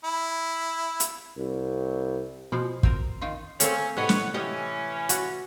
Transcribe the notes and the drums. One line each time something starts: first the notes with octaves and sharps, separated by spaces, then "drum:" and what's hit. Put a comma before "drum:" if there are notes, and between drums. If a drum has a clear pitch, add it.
E4
drum: hi-hat
C2
B2 F3 G#3 C4
C4 A#4, drum: kick
D#3 D#4 F4
A3 A#3 C4 C#4, drum: hi-hat
A2 C3 B3 C#5 D#5 F#5
drum: snare
E3 C#4 G4 D#5
F#4, drum: hi-hat